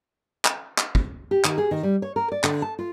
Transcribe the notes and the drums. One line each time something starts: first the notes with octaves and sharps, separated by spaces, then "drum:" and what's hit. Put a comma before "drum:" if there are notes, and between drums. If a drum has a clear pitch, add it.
drum: clap
drum: clap
drum: kick
G4
D#3, drum: clap
G#4
D#3
G3
C#5
A#4
D5
D3, drum: clap
A5
F4